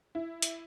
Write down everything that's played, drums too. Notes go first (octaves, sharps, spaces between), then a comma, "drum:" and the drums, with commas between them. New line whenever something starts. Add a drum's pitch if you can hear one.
E4
drum: hi-hat